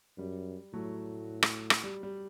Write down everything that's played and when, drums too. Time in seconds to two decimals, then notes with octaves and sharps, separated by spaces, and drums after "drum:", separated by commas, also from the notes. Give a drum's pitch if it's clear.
0.18 F#2 G3
0.73 A2 F#3 A3
1.43 drum: rim click
1.70 drum: rim click
1.84 G3
2.03 G3